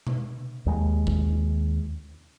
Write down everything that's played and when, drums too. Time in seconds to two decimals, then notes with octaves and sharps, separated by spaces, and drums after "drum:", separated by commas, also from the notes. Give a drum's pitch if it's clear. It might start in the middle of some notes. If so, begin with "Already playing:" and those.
0.07 drum: tom B2
0.66 D#2 G#3
1.07 drum: kick G1